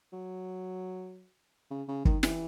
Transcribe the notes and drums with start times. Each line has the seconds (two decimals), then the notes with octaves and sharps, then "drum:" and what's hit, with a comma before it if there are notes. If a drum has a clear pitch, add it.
0.13 F#3
1.70 C#3
1.88 C#3
2.05 D#3, drum: kick
2.23 E3, drum: snare